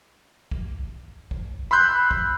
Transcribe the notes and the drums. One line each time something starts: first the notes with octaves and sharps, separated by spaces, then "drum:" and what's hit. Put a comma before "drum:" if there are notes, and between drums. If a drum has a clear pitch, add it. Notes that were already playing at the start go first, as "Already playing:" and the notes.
drum: kick
drum: kick
B5 C6 E6 F#6 G6
drum: kick